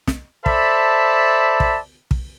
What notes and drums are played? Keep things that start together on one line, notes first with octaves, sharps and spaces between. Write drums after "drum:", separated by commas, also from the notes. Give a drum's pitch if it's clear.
drum: snare
A4 C5 D5 E5 A5 B5, drum: kick
drum: kick
drum: kick